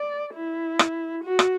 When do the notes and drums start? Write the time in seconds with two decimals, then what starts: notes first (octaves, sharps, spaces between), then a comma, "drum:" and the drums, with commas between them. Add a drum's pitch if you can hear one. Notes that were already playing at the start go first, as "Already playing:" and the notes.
Already playing: D5
0.35 E4
0.79 drum: rim click
1.24 F#4
1.39 drum: rim click